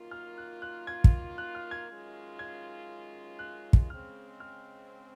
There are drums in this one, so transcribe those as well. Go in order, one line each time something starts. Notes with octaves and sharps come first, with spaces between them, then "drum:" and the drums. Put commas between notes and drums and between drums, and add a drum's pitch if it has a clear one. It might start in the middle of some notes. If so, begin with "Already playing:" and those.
Already playing: F#2 D#3 A#3 F4
F6
F#6
F#6
G#6
drum: kick
F#6
F6
G#6
F#2 D#3 G#3 C#4 F4
G#6
F#6
drum: kick
C#3 G#3 C4 F6
F6